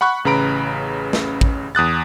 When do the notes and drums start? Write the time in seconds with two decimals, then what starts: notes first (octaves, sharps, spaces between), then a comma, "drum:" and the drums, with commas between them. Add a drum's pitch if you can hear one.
0.01 F#5 B5 C#6 F#6
0.25 A1 C#3 B4 A#5 B5 D7
1.13 drum: snare
1.41 drum: kick
1.75 E2 D#6 F#6 A6